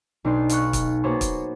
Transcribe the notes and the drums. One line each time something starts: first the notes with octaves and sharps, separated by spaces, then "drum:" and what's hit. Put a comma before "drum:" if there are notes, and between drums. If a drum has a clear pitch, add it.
B1 D4 D#4 C6 C7
F5 B5 C#6 F#6, drum: hi-hat
drum: kick, hi-hat
A#3 B3 F#4 G#4 C5 C#5
drum: kick, hi-hat